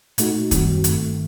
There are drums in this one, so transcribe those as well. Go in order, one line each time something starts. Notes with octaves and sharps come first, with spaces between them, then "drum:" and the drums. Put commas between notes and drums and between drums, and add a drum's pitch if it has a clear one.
A#2 A3 D#4 F#4, drum: hi-hat
F#2 D#3 G3 C4 F#4, drum: kick, hi-hat
G1 G2 D#3 A3, drum: hi-hat